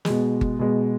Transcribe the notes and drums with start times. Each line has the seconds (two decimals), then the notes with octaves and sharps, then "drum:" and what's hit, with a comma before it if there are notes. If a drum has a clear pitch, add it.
0.05 B2 G#3, drum: snare
0.41 drum: kick G1
0.59 B2 G#3